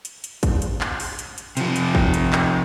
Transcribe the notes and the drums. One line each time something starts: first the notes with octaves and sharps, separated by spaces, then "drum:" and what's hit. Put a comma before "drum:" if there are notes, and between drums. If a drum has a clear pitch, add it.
drum: hi-hat
drum: hi-hat
drum: kick, hi-hat
drum: hi-hat
drum: clap
drum: open hi-hat
drum: hi-hat
drum: hi-hat
C3 F3, drum: hi-hat
drum: hi-hat
drum: kick
drum: hi-hat
drum: clap